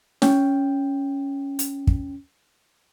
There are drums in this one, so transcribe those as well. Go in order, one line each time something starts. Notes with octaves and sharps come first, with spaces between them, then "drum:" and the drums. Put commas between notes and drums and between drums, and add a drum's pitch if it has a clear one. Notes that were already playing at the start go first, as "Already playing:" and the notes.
C#4 G5, drum: snare
drum: hi-hat
drum: kick